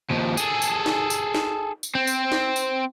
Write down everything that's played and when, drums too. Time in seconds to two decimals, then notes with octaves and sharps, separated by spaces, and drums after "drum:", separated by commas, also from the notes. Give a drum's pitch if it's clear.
0.10 D#2 F3
0.37 G#4 A4, drum: tambourine
0.62 drum: tambourine
0.86 drum: snare
1.10 drum: tambourine
1.35 drum: snare
1.83 drum: tambourine
1.95 C4
2.07 drum: tambourine
2.32 drum: snare
2.56 drum: tambourine